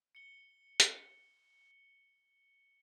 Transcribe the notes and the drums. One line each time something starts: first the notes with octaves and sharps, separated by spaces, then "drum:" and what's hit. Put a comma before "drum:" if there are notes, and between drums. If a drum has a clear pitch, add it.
C#7 G7
drum: hi-hat